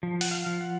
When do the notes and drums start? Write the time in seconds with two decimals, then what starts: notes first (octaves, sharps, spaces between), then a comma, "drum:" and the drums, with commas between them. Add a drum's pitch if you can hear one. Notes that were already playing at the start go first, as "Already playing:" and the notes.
0.03 F3
0.21 F#5, drum: open hi-hat
0.31 F5
0.46 F3
0.61 F#5